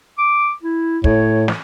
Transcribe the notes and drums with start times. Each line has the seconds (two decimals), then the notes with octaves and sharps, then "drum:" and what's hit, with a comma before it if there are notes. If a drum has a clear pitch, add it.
0.18 D6
0.63 E4
1.04 A2 C#5, drum: kick
1.48 drum: snare